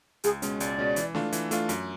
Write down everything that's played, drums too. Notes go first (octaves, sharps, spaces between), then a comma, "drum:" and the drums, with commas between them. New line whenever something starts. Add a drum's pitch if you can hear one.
C#2 G#4, drum: hi-hat
B2 G#3 C#4, drum: hi-hat
C#2 D5, drum: hi-hat
B2 G#3 C#4
E3, drum: hi-hat
A3 D4 F4, drum: snare
E3, drum: hi-hat
A3 D4 F4, drum: hi-hat
F#2, drum: hi-hat